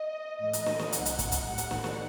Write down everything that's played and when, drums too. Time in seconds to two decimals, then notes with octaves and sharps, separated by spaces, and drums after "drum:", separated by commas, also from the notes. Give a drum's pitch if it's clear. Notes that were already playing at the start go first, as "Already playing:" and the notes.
Already playing: D#5
0.40 A2 E3 A3 D#5
0.53 drum: hi-hat
0.66 drum: snare
0.79 drum: snare
0.92 C2 C3 F#3 F#5, drum: hi-hat
1.06 drum: hi-hat
1.19 drum: kick, hi-hat
1.32 drum: hi-hat
1.45 A2 G3
1.58 drum: hi-hat
1.71 drum: snare
1.84 drum: snare